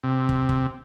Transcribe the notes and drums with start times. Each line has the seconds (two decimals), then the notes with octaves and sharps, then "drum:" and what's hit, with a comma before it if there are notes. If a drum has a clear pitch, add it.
0.03 C3
0.29 drum: kick
0.49 drum: kick